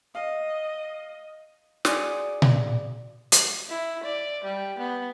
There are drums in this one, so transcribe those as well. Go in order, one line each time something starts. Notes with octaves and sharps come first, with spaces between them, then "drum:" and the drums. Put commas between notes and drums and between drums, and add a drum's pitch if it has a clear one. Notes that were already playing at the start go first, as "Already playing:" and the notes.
D#5 F5
F#4 G#4 D5 C6 D#6, drum: snare
drum: tom A#2
drum: hi-hat
E4
D5
G3
B3